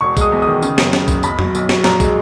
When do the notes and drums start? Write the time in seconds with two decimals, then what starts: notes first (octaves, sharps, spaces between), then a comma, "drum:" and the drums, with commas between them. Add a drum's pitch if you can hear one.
0.01 E1 C#6
0.17 G#3 D#6, drum: kick, tambourine
0.32 E2
0.42 D#3 D#6
0.62 C#3, drum: tambourine
0.78 F#2, drum: snare
0.93 C#3, drum: snare
1.08 F#1, drum: kick, tambourine
1.23 B1 B5, drum: tambourine
1.39 F#3, drum: tom F2
1.55 B1, drum: tambourine
1.69 F#3, drum: snare
1.84 A#1 A#5, drum: snare
2.00 G#3, drum: kick, tambourine